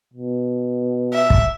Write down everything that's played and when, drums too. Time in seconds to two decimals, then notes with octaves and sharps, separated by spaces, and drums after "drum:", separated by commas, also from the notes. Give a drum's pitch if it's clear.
0.14 B2
1.13 E5
1.30 drum: kick